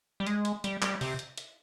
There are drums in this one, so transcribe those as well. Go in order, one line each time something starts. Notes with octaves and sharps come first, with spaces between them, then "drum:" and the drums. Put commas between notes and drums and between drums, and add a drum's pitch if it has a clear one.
G3
G#3, drum: hi-hat
drum: hi-hat
G3, drum: hi-hat
G3, drum: clap
C3, drum: open hi-hat
drum: hi-hat
drum: hi-hat